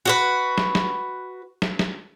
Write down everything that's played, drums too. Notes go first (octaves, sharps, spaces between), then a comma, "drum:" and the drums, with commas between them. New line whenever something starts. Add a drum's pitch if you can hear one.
F#4 G4 B4
drum: snare
drum: snare
drum: snare
drum: snare